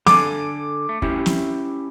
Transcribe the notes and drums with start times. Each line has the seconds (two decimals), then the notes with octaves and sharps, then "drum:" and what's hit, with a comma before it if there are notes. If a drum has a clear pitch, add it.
0.07 D3 A4 G#5 D6, drum: snare
0.89 A3
1.02 C#4 E4 G4, drum: kick
1.26 drum: snare